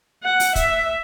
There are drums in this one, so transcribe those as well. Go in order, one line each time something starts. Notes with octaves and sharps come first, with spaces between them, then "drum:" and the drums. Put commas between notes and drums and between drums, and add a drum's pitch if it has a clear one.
F#5
drum: open hi-hat
E5, drum: kick, hi-hat